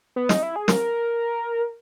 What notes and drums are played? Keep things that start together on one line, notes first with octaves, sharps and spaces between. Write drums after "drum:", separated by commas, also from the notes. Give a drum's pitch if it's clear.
B3
D#4, drum: snare
E4
G#4
A#4, drum: snare